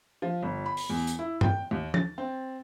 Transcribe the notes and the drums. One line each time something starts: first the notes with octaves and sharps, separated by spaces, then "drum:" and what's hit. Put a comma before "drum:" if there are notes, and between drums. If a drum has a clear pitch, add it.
F3
G1
B5
drum: open hi-hat
E2
drum: hi-hat
E4
G5, drum: tom G2
D#2
A6, drum: tom
C4